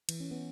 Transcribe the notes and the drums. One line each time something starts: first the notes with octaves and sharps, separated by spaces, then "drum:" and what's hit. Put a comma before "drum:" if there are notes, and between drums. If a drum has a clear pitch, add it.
E3, drum: cymbal
C#4
B3